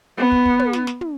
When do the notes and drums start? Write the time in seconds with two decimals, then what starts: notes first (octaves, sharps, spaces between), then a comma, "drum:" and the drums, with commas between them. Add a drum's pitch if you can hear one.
0.18 B3
0.32 drum: kick
0.46 drum: kick
0.59 drum: tom
0.73 drum: snare
0.87 drum: snare
1.01 drum: tom